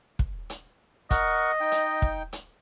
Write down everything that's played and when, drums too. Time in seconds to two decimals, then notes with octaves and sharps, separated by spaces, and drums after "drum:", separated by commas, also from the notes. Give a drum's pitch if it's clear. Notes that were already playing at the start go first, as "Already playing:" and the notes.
0.19 drum: kick
0.50 drum: hi-hat
1.11 A#4 D#5 F#5 C#6, drum: kick, hi-hat
1.60 D#4 G5
1.72 drum: hi-hat
2.02 drum: kick
2.33 drum: hi-hat